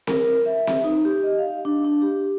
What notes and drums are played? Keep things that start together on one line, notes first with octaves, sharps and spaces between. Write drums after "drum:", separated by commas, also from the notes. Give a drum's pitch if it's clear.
A#4, drum: snare C4
E5
drum: snare C4
D#4
G4
D#5
F5
D4
D4
G4